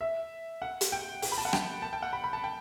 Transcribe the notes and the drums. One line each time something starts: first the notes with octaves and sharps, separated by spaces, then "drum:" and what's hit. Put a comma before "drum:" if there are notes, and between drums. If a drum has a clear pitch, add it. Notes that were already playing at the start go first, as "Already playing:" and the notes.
E5
F#5
drum: hi-hat
G5
G5, drum: open hi-hat
B5
A5
F#5
G5, drum: rim click
A5
G5
F#5
B5
B5
A5
G5